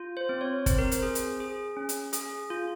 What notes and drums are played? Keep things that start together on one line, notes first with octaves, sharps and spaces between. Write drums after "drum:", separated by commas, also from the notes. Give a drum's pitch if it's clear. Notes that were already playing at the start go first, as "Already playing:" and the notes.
Already playing: F4
C5
C4
C#5
C4 C5, drum: kick, hi-hat
A#4
C5, drum: hi-hat
G#4
drum: hi-hat
G#4
C#4
drum: hi-hat
G#4, drum: hi-hat
F4